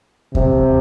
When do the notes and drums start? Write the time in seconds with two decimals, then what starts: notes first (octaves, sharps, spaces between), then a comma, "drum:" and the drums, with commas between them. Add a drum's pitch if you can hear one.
0.35 C3, drum: kick D#2